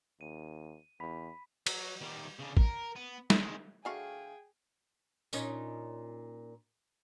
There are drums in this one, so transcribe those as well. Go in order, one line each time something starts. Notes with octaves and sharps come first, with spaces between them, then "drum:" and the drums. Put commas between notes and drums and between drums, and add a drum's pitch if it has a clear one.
D#2 D#7
E2 B5 B6
F#3, drum: cymbal
D#3 G3
C#3 D4
A#4, drum: kick
B3
D#3 G#3, drum: snare G3
D3 A3 F#4 G#4 F5 G5 G#5 C#6
A#2 C#4 D#4, drum: tambourine